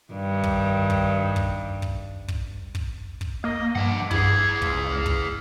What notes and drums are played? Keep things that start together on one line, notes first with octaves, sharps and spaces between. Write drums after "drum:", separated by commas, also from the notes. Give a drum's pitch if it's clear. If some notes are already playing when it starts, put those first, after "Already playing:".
G2 D#3
drum: kick
drum: kick
drum: kick
drum: kick
drum: kick
drum: kick
drum: kick
A#3 D#5
G2 F3 F#5 D6
E4 G#4 G#6, drum: kick
C#2 F4, drum: kick
F6
drum: kick